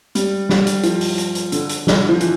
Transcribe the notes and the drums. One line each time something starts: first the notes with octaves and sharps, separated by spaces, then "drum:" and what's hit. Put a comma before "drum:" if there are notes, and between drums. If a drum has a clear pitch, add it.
G3, drum: hi-hat
G3, drum: snare
drum: hi-hat
F3, drum: hi-hat
drum: open hi-hat
drum: hi-hat
drum: hi-hat
D3, drum: hi-hat
drum: hi-hat
D3, drum: snare
F3
E3, drum: hi-hat